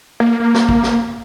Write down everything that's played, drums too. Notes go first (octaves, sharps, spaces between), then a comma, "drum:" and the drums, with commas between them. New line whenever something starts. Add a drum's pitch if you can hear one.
A#3
A#3
drum: snare
drum: kick
drum: snare